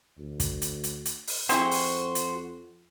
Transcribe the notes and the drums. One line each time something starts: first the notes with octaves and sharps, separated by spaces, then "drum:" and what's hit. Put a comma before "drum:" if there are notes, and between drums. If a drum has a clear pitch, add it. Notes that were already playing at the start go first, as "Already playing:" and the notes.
D2
drum: kick, hi-hat
drum: hi-hat
drum: hi-hat
drum: hi-hat
drum: open hi-hat
F2 C4 E4 F#4 G#4 C5, drum: hi-hat
drum: open hi-hat
drum: hi-hat